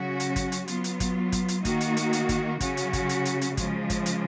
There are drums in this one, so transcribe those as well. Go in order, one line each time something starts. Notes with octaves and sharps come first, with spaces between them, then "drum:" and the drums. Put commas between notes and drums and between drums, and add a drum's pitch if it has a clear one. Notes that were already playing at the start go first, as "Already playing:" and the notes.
Already playing: C#3 F#3 C#4 F#4
drum: hi-hat
drum: kick, hi-hat
drum: hi-hat
F#3 B3 F4, drum: hi-hat
drum: hi-hat
drum: kick, hi-hat
drum: kick, hi-hat
drum: hi-hat
D#3 A#3 D#4 F#4, drum: kick, hi-hat
drum: hi-hat
drum: hi-hat
drum: hi-hat
drum: kick, hi-hat
C#3 F#3 C#4 F#4, drum: kick, hi-hat
drum: hi-hat
drum: kick, hi-hat
drum: hi-hat
drum: hi-hat
drum: hi-hat
C#3 F3 G#3, drum: kick, hi-hat
drum: kick, hi-hat
drum: hi-hat